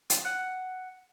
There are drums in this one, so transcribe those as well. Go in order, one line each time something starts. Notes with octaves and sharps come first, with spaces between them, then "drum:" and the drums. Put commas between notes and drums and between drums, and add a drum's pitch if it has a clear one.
F4, drum: hi-hat
F#5